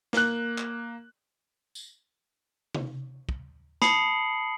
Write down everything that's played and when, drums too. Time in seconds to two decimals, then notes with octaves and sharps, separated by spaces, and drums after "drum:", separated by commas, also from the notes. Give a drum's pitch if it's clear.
0.13 A#3 F#6, drum: snare
0.58 drum: clap
1.75 drum: tambourine
2.75 drum: tom C3
3.29 drum: kick
3.82 A5 B5 D#6 C7 C#7 F#7, drum: snare